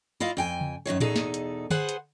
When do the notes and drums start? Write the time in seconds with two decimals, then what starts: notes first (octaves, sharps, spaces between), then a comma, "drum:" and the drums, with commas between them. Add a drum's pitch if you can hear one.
0.20 E4 F4 D#5 F5
0.37 F2 G5 G#5
0.61 drum: tom C#3
0.86 F#2 B2 D#3 C#5
1.00 E2 B2 D#4 G#4 A4, drum: tom A2
1.16 drum: snare
1.34 drum: hi-hat
1.70 G#4 B4 C5 F#5, drum: tom D3
1.89 drum: hi-hat